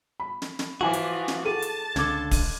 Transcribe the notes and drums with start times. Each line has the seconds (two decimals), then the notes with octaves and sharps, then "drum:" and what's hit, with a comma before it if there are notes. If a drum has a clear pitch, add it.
0.20 B5
0.42 drum: snare
0.59 drum: snare
0.81 E3 F3 E4 F#4 G#5 D6
0.93 drum: hi-hat
1.28 drum: snare
1.45 G#4 A4 G5 A5 D6 D#7
1.62 drum: hi-hat
1.96 C#2 D3 D6 G#6, drum: snare
2.31 drum: kick D1, open hi-hat